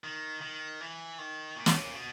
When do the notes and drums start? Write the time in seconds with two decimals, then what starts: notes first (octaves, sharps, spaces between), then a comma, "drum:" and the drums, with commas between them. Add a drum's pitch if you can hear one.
0.04 D#3
0.41 D#3
0.81 E3
1.18 D#3
1.56 A#2
1.66 A2, drum: snare
1.76 A#2
1.94 B2